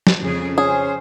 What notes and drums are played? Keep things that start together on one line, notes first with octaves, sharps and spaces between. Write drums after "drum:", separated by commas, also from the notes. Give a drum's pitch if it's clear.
drum: snare
F2 C#3 G#4
C#4 G#4 C5